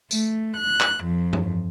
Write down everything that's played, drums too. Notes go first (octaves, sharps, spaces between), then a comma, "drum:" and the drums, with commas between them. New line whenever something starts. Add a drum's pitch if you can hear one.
A3, drum: tambourine
F#6
drum: clap
F2
drum: tom G2